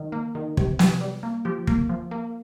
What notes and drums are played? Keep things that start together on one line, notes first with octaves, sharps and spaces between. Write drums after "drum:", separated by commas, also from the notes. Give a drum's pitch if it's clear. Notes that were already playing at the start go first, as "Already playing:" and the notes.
Already playing: D#3
A#3
D#3
C3, drum: kick
C3, drum: snare
G3
A#3
F3 G4
A#3, drum: kick
F3
A#3